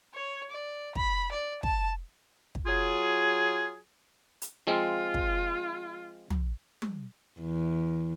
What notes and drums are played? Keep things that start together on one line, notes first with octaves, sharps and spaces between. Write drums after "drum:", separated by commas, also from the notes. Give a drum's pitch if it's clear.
C#5
D5
B5, drum: kick
D5
A5, drum: kick
drum: kick
F#3 F4 G#4
drum: hi-hat
F3 G#3 C4 F4
drum: kick
drum: tom
drum: tom
E2